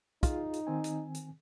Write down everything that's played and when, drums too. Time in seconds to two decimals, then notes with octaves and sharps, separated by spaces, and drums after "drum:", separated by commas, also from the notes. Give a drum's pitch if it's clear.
0.23 D#4 F4 G#4, drum: kick, hi-hat
0.53 drum: hi-hat
0.67 D#3 C4 G#5
0.84 drum: hi-hat
1.14 drum: hi-hat